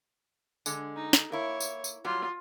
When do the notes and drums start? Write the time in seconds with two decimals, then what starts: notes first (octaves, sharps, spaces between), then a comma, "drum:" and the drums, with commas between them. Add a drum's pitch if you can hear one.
0.66 D3 G#3, drum: tambourine
0.95 D#4
1.13 drum: snare
1.32 A#3 E4 C#5
1.60 drum: tambourine
1.84 drum: tambourine
2.04 F#3 G3 F4